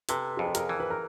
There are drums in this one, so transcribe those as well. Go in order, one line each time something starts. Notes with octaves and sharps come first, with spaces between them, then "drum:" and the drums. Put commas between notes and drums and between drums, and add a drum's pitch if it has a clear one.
C3 A4 B4, drum: hi-hat
F2 G#4
A4
G#4 A#4, drum: hi-hat
E3
B4
A#4